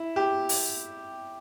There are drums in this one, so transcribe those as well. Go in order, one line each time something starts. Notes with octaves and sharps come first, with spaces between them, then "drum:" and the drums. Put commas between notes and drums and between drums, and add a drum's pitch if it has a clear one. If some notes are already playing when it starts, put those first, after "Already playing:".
Already playing: E4
G4
drum: open hi-hat